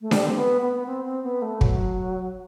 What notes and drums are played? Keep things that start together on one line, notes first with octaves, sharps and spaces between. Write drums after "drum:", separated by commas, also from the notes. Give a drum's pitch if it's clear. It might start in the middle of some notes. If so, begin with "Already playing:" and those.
A3
G3, drum: snare D4
C4
B3
B3
C4
C4
B3
A3
F#3, drum: kick